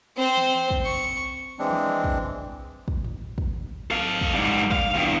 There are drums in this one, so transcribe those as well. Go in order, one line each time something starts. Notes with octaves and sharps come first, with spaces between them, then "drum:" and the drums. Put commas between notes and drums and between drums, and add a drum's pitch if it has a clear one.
C4 C5
drum: tom E3
drum: kick
C#6
E3 G#3 C4 D4
drum: tom E3
drum: kick
drum: kick
drum: tom G#2
drum: kick
A4 F5
drum: kick
G#2 G3
F5, drum: kick
E2 G2